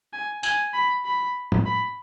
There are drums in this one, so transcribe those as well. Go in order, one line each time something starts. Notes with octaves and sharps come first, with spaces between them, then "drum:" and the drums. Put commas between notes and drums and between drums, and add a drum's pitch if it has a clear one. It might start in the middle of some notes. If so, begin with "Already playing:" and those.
G#5
G#5, drum: tambourine
B5
B5
drum: tom
B5